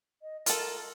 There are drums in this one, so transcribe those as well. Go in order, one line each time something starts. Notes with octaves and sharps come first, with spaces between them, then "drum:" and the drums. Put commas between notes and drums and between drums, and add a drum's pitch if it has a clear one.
D#5
F4 A4 A#4, drum: hi-hat